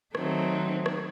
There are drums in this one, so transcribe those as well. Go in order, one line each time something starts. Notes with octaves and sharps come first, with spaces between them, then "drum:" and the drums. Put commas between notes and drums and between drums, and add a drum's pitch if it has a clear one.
D#3 F#3 A3 C4, drum: rim click
drum: rim click